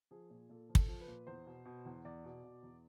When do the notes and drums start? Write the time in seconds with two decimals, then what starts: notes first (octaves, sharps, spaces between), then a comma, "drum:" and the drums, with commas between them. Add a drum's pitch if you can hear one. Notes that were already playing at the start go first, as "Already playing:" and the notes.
0.11 F3 G#4
0.30 A#2
0.49 A#2 A4
0.69 F3
0.75 A4, drum: kick
0.88 F3
1.01 B4
1.08 A#2
1.27 E2 C5
1.46 B2
1.65 B2
1.85 E2
2.05 E2 D5
2.25 B2
2.44 B2
2.63 E2